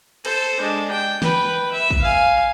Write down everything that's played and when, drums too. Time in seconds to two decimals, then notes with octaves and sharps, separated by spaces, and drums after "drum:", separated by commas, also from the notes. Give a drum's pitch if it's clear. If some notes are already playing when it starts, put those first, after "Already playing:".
0.25 A4 C5, drum: cymbal
0.60 G#3 D4
0.91 G5
1.22 B4 G5, drum: snare
1.72 E5
1.90 drum: kick
2.02 F5 G#5